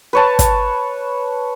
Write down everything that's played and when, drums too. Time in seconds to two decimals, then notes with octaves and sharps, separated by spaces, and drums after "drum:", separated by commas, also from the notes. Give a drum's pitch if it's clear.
0.13 B4 C#5 A5
0.39 drum: kick, hi-hat